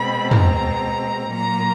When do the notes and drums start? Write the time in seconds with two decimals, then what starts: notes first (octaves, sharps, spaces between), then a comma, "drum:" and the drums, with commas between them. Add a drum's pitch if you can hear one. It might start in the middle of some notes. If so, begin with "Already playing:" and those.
Already playing: B2 G#3 C4 B5
0.31 A#5, drum: tom
1.32 A#2 F#3 A#3 A#5